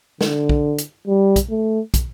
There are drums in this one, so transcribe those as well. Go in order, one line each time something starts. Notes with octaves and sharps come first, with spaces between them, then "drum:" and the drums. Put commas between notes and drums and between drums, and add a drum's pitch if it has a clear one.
D3, drum: snare
drum: kick
drum: hi-hat
G3
drum: kick, hi-hat
A3
drum: kick, hi-hat